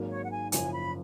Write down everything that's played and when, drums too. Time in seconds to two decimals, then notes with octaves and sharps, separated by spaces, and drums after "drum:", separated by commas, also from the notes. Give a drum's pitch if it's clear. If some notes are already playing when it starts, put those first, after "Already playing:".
Already playing: G#1 G#2 F#3 A#3
0.10 C#5
0.24 F#5
0.31 G#5
0.52 F#1 F#2 F3 G#5, drum: hi-hat
0.73 B5